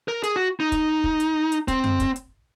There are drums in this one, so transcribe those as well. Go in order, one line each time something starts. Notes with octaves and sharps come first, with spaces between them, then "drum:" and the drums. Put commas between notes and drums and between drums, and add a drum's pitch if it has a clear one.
A#4
G#4, drum: hi-hat
F#4
D#4
drum: kick, hi-hat
drum: kick
drum: hi-hat
drum: hi-hat
C4, drum: kick, hi-hat
drum: tom F#2
drum: kick, hi-hat
drum: hi-hat